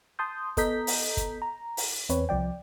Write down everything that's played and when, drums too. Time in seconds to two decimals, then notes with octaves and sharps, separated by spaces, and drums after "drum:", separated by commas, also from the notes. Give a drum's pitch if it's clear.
0.19 A5 C6 D#6 G6
0.57 B3 A4 D#5 A#5 G6 B6, drum: kick, hi-hat
0.87 drum: open hi-hat
1.17 drum: kick, hi-hat
1.42 A#5
1.77 drum: open hi-hat
2.09 E2 C4 B4 C#5, drum: hi-hat
2.29 C2 F3 D5 G5